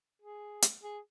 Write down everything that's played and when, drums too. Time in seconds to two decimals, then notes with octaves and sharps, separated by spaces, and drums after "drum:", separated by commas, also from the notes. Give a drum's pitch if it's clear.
0.22 G#4
0.62 drum: hi-hat
0.83 G#4